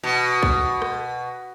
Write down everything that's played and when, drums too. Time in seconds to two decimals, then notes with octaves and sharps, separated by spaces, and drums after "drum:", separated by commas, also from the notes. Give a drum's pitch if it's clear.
0.04 B2
0.43 drum: kick C2
0.82 drum: rim click